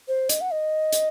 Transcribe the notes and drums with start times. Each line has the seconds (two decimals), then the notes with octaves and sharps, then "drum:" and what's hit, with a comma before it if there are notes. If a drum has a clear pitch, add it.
0.08 C5
0.29 D#5, drum: hi-hat
0.41 F#5
0.52 D#5
0.92 drum: hi-hat